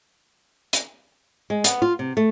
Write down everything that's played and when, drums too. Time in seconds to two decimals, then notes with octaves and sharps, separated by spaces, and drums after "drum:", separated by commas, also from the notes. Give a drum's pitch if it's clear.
0.73 drum: hi-hat
1.50 G#3
1.64 B3, drum: hi-hat
1.82 F4
1.99 C3
2.17 A3